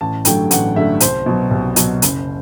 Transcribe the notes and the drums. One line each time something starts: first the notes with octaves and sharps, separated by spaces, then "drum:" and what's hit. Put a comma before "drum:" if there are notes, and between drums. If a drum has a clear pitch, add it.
A1 A5
G2 D3 F#3 A3 G5, drum: hi-hat
A1 F#5, drum: hi-hat
G2 D3 F#3 A3 E5
C2 C5, drum: hi-hat
B2 F#3
C2
B2 F#3, drum: hi-hat
F#1, drum: hi-hat